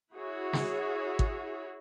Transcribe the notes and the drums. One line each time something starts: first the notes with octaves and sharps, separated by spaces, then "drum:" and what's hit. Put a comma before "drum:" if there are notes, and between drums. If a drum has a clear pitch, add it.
E4 F#4 G#4 C#5
drum: snare
drum: kick